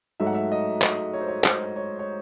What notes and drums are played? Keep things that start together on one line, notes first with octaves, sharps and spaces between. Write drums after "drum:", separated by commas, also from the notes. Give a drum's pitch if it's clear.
G#2 F#3 A3 D#4 E5
F#5
E5
D#5
D#5, drum: clap
C#5
C5
C#5
C5, drum: clap
C#5
C#5